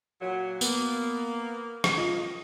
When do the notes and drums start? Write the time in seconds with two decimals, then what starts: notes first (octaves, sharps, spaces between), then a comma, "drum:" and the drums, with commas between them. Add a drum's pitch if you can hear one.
0.21 A#2 F#3
0.61 A#3 B3, drum: tambourine
1.84 drum: rim click
1.98 F4 D#5